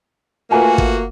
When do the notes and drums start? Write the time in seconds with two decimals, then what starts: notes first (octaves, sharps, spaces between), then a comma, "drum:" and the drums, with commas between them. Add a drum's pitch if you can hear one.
0.51 A3 A#3 F4 F#4 B4 G#5
0.78 drum: kick